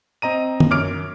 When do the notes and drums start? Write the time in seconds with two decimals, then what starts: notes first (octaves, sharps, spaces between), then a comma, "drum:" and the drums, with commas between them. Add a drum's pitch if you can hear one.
0.22 C4 D#5 A#5 D#7
0.60 drum: tom
0.70 F#2 C#5 D6 F6 D7